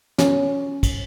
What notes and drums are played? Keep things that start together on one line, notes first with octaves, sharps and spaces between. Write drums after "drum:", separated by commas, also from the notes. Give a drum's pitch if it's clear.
C#4, drum: snare
drum: kick, cymbal